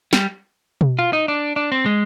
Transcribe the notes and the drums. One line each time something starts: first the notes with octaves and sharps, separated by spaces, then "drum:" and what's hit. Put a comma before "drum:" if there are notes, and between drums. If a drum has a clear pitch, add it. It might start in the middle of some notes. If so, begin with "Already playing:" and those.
G3, drum: snare
drum: tom B2
F4
D#4
D4
D4
C4
G#3